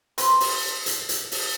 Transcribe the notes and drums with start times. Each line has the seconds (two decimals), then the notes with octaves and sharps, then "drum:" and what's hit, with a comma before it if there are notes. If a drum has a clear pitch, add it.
0.18 C4 B4 C5, drum: hi-hat
0.40 drum: open hi-hat
0.86 drum: hi-hat
1.09 drum: hi-hat
1.32 drum: open hi-hat